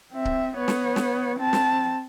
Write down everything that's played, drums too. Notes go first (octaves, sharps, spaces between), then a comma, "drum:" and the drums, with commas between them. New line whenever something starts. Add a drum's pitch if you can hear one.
C4 E5
drum: kick C#1
B3 C#5
drum: snare
drum: snare
C4 A5
drum: snare